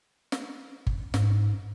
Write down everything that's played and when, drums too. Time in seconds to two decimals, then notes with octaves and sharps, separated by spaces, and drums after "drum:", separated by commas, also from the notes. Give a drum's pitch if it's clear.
0.32 drum: snare
0.87 drum: kick G1
1.14 G#2, drum: snare